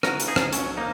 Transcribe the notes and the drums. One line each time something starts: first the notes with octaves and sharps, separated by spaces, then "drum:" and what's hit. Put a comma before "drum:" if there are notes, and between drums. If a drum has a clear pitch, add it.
C#2 F#4 A#4, drum: rim click
C#3, drum: hi-hat
D#4 G#4
C#2, drum: rim click
F#3 C#4 F#4, drum: hi-hat
A#3 D#4